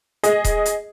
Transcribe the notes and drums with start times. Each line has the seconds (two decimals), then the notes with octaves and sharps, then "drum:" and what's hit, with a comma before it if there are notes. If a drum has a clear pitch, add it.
0.23 G#4 D#5, drum: hi-hat
0.44 drum: kick D#1, hi-hat
0.66 drum: hi-hat